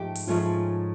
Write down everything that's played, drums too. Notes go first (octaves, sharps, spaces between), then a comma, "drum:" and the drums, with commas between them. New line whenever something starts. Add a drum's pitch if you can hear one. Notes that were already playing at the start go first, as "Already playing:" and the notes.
Already playing: G#2 F3 A3 G4
drum: open hi-hat
G#2 F3 A3 C#4 F4